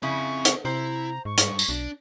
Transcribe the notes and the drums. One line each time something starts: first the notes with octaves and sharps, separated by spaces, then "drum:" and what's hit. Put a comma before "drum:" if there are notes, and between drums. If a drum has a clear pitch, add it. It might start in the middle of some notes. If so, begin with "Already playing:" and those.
C#3 C4 E4 F5 C#6
drum: hi-hat
C3 E4 C5 A#5
G#2 C#6
G2, drum: hi-hat
drum: tambourine
B1 D4